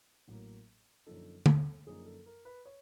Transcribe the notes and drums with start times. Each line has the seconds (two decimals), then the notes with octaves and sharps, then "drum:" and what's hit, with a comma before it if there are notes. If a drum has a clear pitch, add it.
0.27 A1 A2 F#3 A#3
1.06 F#2 D3 F3 A#3 D#4 A4
1.46 A4, drum: tom D3
1.87 F#2 D3 F3 A#3 D#4 G#4
2.06 A4
2.26 A#4
2.45 B4
2.66 C#5